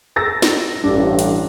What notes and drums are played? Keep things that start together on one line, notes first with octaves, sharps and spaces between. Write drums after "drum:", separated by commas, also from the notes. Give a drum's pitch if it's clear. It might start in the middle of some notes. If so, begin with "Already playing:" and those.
E6 A6 A#6
drum: snare
A1 G2 D4
drum: hi-hat